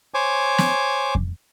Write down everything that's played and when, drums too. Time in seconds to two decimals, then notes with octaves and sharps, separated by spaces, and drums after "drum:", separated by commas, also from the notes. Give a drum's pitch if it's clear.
0.14 C5 C#5 G#5 D6
0.58 drum: snare
1.15 drum: kick F2